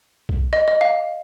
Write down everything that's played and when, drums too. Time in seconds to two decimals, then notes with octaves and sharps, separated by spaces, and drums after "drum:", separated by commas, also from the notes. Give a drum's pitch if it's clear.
0.29 drum: kick B1
0.53 D#5
0.68 D#5
0.81 F5